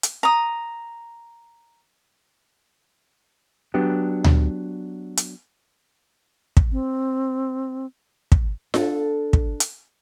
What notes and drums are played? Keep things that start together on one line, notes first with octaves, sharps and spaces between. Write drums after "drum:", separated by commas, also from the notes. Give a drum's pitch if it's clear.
drum: hi-hat
A#5 D#6
F#3 B3 D4 G4
drum: tom D2
drum: hi-hat
drum: kick
C4
drum: kick
D4 A4, drum: snare F4
drum: kick
drum: hi-hat